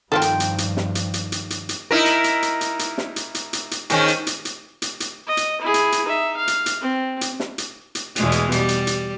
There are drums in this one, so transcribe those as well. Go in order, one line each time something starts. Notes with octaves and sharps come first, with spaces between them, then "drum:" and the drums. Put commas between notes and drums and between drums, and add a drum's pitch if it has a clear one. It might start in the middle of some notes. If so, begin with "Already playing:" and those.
G2 D#3 F3 C4 F4 A4 G5
drum: hi-hat
drum: hi-hat
drum: hi-hat
drum: snare
drum: hi-hat
drum: hi-hat
drum: hi-hat
drum: hi-hat
drum: hi-hat
D#4 E4 A#4
drum: hi-hat
drum: hi-hat
drum: hi-hat
drum: hi-hat
drum: hi-hat
drum: snare
drum: hi-hat
drum: hi-hat
drum: hi-hat
drum: hi-hat
G#2 D#3 C#4, drum: hi-hat
drum: hi-hat
drum: hi-hat
drum: hi-hat
drum: hi-hat
drum: hi-hat
D#5
drum: hi-hat
E4 G#4
drum: hi-hat
drum: hi-hat
D#4 E5
F5
drum: hi-hat
drum: hi-hat
C4
drum: hi-hat
drum: snare
drum: hi-hat
drum: hi-hat
E2 B2 G#3, drum: hi-hat
drum: hi-hat
G3, drum: hi-hat
drum: hi-hat
drum: hi-hat